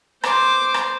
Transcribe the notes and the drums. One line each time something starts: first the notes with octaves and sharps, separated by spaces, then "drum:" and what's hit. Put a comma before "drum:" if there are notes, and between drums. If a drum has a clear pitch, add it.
C5 D6, drum: rim click
drum: rim click